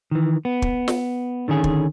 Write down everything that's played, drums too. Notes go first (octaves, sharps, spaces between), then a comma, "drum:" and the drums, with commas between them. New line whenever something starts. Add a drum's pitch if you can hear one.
D#3 E3
B3
drum: kick
drum: snare
D3 D#3 C#4 G#4
drum: kick